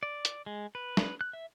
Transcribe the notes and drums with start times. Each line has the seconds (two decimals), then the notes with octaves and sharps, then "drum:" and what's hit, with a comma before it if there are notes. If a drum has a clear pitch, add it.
0.03 D5
0.25 drum: hi-hat
0.46 G#3
0.75 B4
0.97 drum: snare
1.21 F#6
1.33 E5